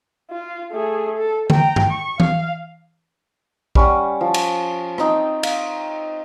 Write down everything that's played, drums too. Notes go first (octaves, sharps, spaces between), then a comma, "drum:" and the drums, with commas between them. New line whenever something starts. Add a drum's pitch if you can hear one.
F4
A3 G#4
A4
G5 A#5, drum: tom D3
drum: tom
C#6
F5, drum: tom E3
G3 C#4 F#5, drum: kick
F3
drum: cymbal
C4 D#4 G5, drum: rim click
F5, drum: cymbal